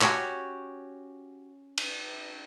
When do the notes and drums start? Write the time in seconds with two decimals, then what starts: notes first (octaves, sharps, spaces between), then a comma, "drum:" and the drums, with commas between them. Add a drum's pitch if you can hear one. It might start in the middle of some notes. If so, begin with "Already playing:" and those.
0.01 C#4 F#4 G4 C#5, drum: clap
1.78 drum: cymbal